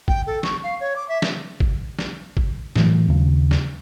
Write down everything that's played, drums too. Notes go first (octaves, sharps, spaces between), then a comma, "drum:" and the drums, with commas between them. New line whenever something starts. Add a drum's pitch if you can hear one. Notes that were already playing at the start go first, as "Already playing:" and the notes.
G5, drum: kick G#1
A4
C#6, drum: snare
F5
C#5
D6
E5
drum: snare
drum: kick G#1
drum: snare
drum: kick G#1
A2 E3 F#3, drum: snare
D#2 C#3
drum: snare